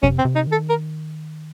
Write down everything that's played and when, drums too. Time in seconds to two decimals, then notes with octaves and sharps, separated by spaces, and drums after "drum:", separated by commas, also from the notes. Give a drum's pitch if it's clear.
0.03 C3 C#4, drum: kick F2
0.18 C4
0.25 C3
0.35 D#4
0.47 D#3
0.52 A4
0.69 A#4